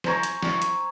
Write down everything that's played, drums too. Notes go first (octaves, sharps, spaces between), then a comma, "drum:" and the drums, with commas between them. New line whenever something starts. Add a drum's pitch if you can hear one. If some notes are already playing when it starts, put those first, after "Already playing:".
C5 G#5 A#5 C#6, drum: snare
drum: hi-hat
drum: snare
drum: hi-hat